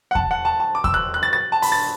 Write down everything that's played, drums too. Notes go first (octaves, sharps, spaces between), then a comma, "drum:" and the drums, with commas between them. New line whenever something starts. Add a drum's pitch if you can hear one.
F#5
A5, drum: kick E2
F#5
A5
A5
D6
E6, drum: kick E2
F#6
F#6
A6
A6
A5
B5, drum: open hi-hat
A6